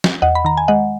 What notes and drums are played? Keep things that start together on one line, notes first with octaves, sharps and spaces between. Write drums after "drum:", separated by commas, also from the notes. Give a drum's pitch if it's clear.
drum: snare
E2 D#5 F#5
B5
D#3 A#5
G#5
G#3 D#5 F#5